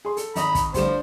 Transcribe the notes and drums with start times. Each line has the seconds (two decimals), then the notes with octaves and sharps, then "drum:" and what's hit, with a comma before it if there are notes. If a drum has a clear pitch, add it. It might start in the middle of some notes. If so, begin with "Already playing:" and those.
0.05 G#4 C6
0.17 A4, drum: hi-hat
0.36 G#1 D#5 A#5 B5 D#6, drum: hi-hat
0.55 drum: kick, hi-hat
0.74 D2 F3 G3 C5 E7, drum: kick, hi-hat
0.87 D4